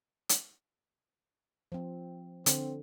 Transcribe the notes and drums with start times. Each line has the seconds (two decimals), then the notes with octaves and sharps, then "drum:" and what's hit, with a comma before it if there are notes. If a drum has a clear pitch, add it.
0.29 drum: hi-hat
1.72 F3 C4
2.46 D3 C4, drum: hi-hat